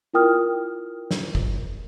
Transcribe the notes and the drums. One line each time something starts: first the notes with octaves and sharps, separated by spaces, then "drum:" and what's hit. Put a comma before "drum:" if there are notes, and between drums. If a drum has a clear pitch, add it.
E4 F4 A#4 G5 D#6 F6
drum: snare
drum: kick